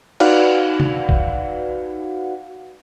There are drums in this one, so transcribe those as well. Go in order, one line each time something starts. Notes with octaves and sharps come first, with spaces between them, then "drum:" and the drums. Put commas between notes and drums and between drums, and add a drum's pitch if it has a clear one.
D#4 F#4 B4 D5 F5 F#5, drum: cymbal
drum: tom C3
drum: kick A#1